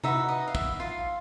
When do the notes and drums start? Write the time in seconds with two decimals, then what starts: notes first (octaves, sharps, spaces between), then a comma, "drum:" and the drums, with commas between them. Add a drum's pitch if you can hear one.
0.04 D#4 F#4 B4 E5, drum: tom C3
0.28 D#5
0.48 F5
0.55 E5, drum: kick
0.80 F4 F5